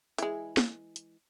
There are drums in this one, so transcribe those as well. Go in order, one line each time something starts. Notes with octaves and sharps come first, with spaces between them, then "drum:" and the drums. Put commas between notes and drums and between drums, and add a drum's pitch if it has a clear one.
E3 G#3, drum: hi-hat
drum: snare
drum: hi-hat